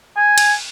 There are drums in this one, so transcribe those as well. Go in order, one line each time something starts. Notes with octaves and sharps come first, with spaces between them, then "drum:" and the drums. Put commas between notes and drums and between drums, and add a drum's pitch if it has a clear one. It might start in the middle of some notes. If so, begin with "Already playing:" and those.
G#5
drum: cymbal